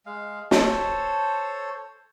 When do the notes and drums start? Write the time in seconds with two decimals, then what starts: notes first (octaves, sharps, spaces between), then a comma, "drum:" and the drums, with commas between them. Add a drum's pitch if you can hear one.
0.06 G#3 F5
0.51 A4 C5 C#5, drum: snare